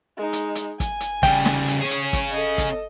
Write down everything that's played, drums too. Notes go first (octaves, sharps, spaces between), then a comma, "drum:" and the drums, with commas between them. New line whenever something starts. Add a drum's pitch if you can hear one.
G#3 D#4
drum: hi-hat
drum: hi-hat
G#5, drum: kick, hi-hat
drum: hi-hat
C#3 G3 G5, drum: kick, hi-hat
drum: snare
drum: hi-hat
C#4 G#4 C#5
drum: hi-hat
drum: kick, hi-hat
A4 D#5
drum: kick, hi-hat